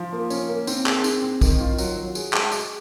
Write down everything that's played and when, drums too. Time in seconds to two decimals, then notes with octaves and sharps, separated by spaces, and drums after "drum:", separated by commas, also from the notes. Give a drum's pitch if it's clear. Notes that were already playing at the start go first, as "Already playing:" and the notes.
Already playing: F3
0.13 A#3
0.30 C#4, drum: tambourine
0.49 A#3
0.67 C4, drum: tambourine
0.86 G#4, drum: clap
1.04 C4, drum: tambourine
1.22 C4
1.41 D#3, drum: kick, tambourine
1.60 F4
1.78 F#3, drum: tambourine
1.97 F#3
2.15 G#4, drum: tambourine
2.33 G#3, drum: clap
2.51 G#4, drum: tambourine